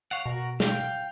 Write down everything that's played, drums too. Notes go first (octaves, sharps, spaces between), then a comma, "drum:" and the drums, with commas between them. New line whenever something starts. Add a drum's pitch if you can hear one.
C#5 F5 F#5
B2 F#4 A#4
F5 G5, drum: snare